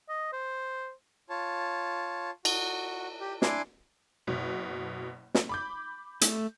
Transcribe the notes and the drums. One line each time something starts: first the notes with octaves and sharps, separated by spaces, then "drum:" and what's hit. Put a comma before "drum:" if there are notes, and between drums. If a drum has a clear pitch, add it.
D#5
C5
F4 C#5 A5
F#4, drum: cymbal
G4
D4 E4 G#5 C6 D6, drum: snare
F#1 B2
drum: snare
B5 D6 G6
A3, drum: hi-hat